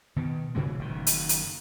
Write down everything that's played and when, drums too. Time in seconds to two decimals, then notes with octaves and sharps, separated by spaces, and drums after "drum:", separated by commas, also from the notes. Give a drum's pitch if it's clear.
0.16 B2 D#3
0.55 A#2 C#3 E3 G#3
0.79 F#1 F#2 D#3
1.07 drum: hi-hat
1.29 drum: hi-hat